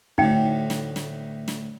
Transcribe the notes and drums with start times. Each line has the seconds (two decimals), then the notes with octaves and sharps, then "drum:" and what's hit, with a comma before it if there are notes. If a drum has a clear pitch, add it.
0.18 D2 A2 D#4 G5, drum: kick
0.70 drum: snare
0.96 drum: snare
1.48 drum: snare